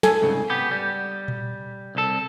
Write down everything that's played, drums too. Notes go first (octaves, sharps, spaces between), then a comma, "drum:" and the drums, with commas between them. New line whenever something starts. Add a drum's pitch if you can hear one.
A4 G#5, drum: snare
C2 G#2 C#3
B3 G4
G3
drum: tom A#2
C2 A4